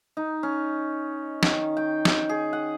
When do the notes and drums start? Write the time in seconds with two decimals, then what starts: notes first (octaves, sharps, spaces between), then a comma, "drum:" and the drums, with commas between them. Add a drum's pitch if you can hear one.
0.17 D#4
0.43 C#4
1.43 D#3, drum: snare
1.77 G5
2.05 drum: snare
2.29 G#4
2.53 F#5